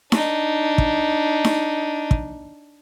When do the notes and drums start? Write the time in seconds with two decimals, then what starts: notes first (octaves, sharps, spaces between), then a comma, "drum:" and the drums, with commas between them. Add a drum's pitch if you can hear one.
0.12 D4 D#4, drum: snare D#4
0.78 drum: kick
1.44 drum: snare D#4
2.11 drum: kick